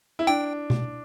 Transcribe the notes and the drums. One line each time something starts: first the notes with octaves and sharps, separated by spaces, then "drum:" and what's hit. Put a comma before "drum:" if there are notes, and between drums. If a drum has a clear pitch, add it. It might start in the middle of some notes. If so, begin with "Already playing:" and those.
E4
D4 G5
drum: tom B2